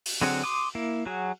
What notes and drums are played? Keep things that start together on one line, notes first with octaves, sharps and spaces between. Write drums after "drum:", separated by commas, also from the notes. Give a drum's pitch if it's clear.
drum: open hi-hat
D3 F#3 C4 G#4 F#5
C6 D6 D#6
A#3 E4
F#3 F#4 G#4